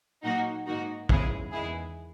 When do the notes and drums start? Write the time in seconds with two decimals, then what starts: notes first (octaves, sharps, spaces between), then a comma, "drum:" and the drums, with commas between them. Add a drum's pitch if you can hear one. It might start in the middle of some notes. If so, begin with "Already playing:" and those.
0.23 A#2 F#3 A#3 D#4 F#4
0.67 G#2 D#3 A#3 D#4 F#4
1.09 C#3 G#3 B3 E4 G#4, drum: kick
1.52 E2 D#3 G#3 B3 E4 G#4